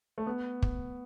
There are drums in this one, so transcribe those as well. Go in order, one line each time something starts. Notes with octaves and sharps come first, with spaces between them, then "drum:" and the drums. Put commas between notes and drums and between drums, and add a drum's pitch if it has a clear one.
A3
B3
drum: kick